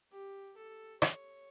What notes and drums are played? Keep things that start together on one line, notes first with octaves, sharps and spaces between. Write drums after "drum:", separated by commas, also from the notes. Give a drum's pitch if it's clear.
G4
A4
C#5, drum: rim click